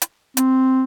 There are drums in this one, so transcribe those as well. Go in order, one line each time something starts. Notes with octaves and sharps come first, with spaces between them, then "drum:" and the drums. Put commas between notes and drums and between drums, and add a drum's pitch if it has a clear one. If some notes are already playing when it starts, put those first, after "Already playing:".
drum: hi-hat
C4, drum: hi-hat